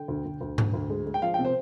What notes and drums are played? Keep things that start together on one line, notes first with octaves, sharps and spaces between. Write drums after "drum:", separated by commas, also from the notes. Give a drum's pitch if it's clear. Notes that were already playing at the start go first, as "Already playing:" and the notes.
Already playing: D3 G5
D2
D2
D2
D2, drum: tom G#2
D2
G#3
G#3
G5
F3 F5
G5
C3
C5